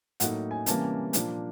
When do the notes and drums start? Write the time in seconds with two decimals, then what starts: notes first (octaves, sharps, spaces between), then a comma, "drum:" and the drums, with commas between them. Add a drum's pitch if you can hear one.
0.20 A2 F#3 A#3 D#4 F#5, drum: hi-hat
0.51 G#5
0.66 C3 E3 G3 A#3 C#4 A5, drum: hi-hat
1.13 A#2 F3 A#3 D4, drum: hi-hat